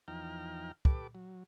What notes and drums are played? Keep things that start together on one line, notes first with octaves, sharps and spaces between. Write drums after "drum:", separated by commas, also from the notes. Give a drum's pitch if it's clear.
E2 F3 D#4 G5 A#5 F6
G4 A4 B4 D6, drum: kick
F#3